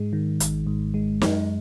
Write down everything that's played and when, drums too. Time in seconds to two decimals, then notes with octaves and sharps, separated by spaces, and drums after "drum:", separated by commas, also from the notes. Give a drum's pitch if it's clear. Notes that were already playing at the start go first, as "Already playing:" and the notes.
Already playing: G#2 G#3
0.13 D#3
0.40 G#1, drum: hi-hat
0.67 G#2
0.94 G#3
1.22 F#2, drum: snare